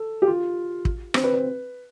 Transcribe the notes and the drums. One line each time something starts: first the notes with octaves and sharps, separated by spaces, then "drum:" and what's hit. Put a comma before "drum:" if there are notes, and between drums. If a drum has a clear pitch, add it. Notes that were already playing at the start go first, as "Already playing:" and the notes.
Already playing: A4
G4
F4
drum: kick
C4, drum: rim click
B4
B4